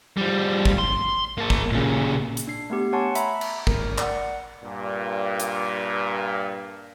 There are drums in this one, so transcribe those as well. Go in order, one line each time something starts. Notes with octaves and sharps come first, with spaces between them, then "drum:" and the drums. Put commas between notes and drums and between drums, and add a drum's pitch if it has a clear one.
F3 G3
drum: kick
C6
A#3 A5
drum: kick
A#2 C#3
drum: hi-hat
D4 C7
A3 B3 G4
C#5 F#5 G#5 A5 C6 C#6
E5 A#5 B5, drum: hi-hat
drum: cymbal
A#4, drum: kick
D5 F#5, drum: clap
G2 A#2
drum: hi-hat